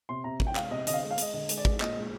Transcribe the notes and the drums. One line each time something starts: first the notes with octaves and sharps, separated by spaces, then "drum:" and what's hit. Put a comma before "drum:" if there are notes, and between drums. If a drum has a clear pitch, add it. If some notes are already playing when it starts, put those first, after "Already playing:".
C3 C6
C3 A#5
C3, drum: kick
G5
G#3 F5, drum: clap
C3 D#5
D3 D#5, drum: hi-hat
F5
D#5
G#3
F5
G#3 D#5, drum: hi-hat
D3 D#5
G#3, drum: hi-hat
D5
G#3, drum: kick
A#2 D#5, drum: clap
G#3